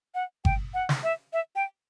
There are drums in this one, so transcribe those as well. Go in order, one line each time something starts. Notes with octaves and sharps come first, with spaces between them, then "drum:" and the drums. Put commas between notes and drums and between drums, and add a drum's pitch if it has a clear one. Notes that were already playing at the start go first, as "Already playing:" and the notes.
F#5
G5, drum: kick G1
F#5
drum: snare
E5
E5
G5